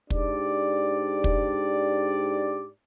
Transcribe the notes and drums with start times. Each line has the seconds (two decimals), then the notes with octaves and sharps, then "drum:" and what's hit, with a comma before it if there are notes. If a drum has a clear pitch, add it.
0.10 G#2 D4 G4 D5, drum: kick
1.24 drum: kick